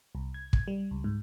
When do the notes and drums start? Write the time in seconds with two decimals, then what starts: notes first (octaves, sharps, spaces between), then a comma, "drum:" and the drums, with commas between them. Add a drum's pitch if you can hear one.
0.15 C2
0.34 G#6
0.53 drum: kick
0.68 G3
0.91 C#2
1.04 G#2